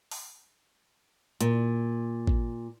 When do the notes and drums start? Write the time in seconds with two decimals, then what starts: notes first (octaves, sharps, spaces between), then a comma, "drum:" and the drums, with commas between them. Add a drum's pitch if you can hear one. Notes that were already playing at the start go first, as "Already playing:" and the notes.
0.11 drum: open hi-hat
1.41 A#2, drum: hi-hat
2.27 drum: kick A1